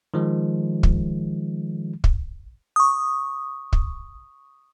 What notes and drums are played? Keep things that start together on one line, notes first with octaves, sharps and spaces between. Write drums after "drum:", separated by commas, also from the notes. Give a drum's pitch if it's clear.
D#3 F3 G#3
drum: kick
drum: kick
C#6 D#6
drum: kick